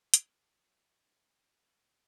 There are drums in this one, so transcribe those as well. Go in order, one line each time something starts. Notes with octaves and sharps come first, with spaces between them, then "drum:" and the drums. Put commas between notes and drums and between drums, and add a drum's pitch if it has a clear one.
drum: hi-hat
F#4
F4
D#4
C#4